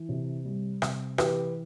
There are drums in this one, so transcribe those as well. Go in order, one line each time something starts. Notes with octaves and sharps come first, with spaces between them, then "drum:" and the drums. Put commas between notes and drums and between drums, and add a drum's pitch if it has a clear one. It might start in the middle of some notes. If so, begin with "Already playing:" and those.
Already playing: E3
C3
G3
C3, drum: rim click
E3 G4 B4, drum: rim click